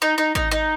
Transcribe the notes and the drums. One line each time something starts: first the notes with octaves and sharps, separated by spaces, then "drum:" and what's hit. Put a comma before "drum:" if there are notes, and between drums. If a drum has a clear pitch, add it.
D#4
D#4
D#4, drum: kick G#1
D#4